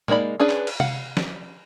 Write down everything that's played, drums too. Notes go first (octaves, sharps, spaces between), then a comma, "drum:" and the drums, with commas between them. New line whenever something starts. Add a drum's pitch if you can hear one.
G#3 A#3 D#4 D5 B5, drum: tom A2
C#4 D4 G#4 B4
drum: clap
drum: cymbal
F5 F#5, drum: tom C3
drum: snare